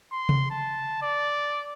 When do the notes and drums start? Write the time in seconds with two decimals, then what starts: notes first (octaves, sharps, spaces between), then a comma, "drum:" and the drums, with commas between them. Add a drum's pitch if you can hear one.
0.12 C6
0.29 drum: tom C3
0.50 A5
1.02 D5